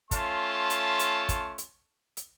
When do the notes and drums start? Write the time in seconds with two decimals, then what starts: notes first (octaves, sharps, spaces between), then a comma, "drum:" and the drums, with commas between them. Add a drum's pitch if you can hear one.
0.11 A3 C#4 F4 A5 C6, drum: kick, hi-hat
0.70 drum: hi-hat
0.99 drum: hi-hat
1.29 drum: kick, hi-hat
1.58 drum: hi-hat
2.17 drum: hi-hat